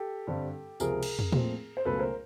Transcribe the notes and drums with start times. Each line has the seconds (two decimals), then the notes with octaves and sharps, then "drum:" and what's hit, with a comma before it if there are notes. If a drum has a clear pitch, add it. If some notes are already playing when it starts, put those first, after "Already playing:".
Already playing: G4 A4
0.27 G2 D3 G3 C4
0.80 C#2 C3 F3 G#4 A#4, drum: tambourine
1.03 drum: cymbal
1.19 drum: tom
1.32 A#2 F3 A3 C4, drum: tom
1.77 C5
1.85 C#2 B2 F#3 A3 C#4 A4 B4
1.99 A#4 C5